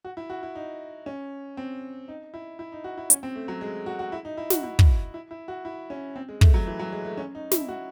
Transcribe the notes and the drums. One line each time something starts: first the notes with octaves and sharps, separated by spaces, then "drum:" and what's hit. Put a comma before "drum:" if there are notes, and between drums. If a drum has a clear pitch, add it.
F#4
E4
F#4
E4
D#4
C#4
C4
D#4
E4
E4
D#4
F#4
E4
C#4, drum: hi-hat
C4
A3
F#3
G#3
F#4
F#4
E4
D#4
E4
F#4, drum: snare
E4
drum: kick
E4
E4
F#4
E4
C#4
C4
G#3
A3, drum: kick
F#3
E3
F#3
G#3
A3
C#4
D#4
E4, drum: snare
F#4